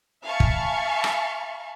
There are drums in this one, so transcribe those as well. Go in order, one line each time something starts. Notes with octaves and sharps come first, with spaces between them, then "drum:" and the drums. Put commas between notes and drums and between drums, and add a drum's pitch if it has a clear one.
E5 F5 G#5 A5 B5 C#6
drum: kick
drum: rim click